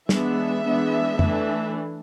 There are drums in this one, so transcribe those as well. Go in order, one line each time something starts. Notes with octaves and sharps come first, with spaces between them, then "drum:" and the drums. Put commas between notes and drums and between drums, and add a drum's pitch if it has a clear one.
E3 G#3 B3 D4 E5, drum: snare
E3 G#3 B3 D4
E3 A3 D4, drum: tom F2